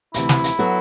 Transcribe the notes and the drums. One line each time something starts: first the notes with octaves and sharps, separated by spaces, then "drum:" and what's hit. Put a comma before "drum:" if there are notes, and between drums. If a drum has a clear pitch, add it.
D2 C3 E3 E4, drum: hi-hat
drum: snare
drum: hi-hat
F#3 B3 F#4 A4